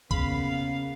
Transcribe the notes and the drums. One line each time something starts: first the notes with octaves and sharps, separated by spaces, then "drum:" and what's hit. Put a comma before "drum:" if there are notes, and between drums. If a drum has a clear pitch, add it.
C#3 A#3 B3 F5 B5, drum: kick C2